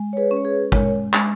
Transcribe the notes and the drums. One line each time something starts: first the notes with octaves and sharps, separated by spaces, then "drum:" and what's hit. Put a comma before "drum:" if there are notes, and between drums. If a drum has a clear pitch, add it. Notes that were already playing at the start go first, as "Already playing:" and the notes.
Already playing: G#3
C#5
G#4 B4
C#4
C#5
G#4 B4
G#3 A#4 C#5, drum: kick
G#3, drum: clap